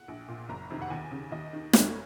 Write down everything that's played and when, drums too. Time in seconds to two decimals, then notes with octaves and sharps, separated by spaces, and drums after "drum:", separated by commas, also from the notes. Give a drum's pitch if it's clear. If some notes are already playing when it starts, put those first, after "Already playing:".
Already playing: F#5
0.08 A#1
0.28 A#2
0.49 F#1 A#5
0.70 F2 C3 D#3
0.82 F#5
0.90 D#2 G#5
1.11 C#3
1.32 D#2 D#5
1.53 D#3
1.73 F1 C#5, drum: snare